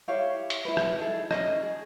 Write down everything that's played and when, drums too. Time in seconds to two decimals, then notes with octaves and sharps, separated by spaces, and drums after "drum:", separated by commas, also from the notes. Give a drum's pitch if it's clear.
0.08 E4 G4 C#5 F5
0.50 drum: hi-hat
0.65 E4 B4
0.77 drum: rim click
0.98 D#4 E4 G#4 A4
1.31 C#4 G#4 D#5, drum: rim click
1.62 G#4